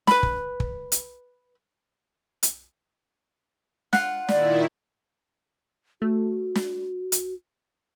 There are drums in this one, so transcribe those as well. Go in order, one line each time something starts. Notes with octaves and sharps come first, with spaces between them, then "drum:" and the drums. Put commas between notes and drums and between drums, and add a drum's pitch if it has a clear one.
B4 B5, drum: snare
drum: kick
drum: kick
drum: hi-hat
drum: hi-hat
F4 F#5, drum: snare
A#2 D#3 E4 D5, drum: snare
A3 F#4
drum: snare
drum: hi-hat